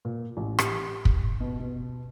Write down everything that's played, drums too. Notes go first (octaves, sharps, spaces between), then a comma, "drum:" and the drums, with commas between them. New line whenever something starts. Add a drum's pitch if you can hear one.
A#2
A1
G4, drum: rim click
drum: kick
B2
B2